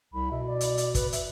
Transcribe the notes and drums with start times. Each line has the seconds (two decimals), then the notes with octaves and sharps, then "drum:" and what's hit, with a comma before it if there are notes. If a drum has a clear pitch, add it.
0.13 C2 B5
0.31 B2 E5
0.47 D5
0.61 drum: hi-hat
0.78 drum: hi-hat
0.95 B4, drum: kick, hi-hat
1.13 E5, drum: hi-hat